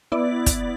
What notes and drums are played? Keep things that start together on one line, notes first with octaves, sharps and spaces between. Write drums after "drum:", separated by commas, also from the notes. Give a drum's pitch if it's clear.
B3 E4 D5
drum: kick, hi-hat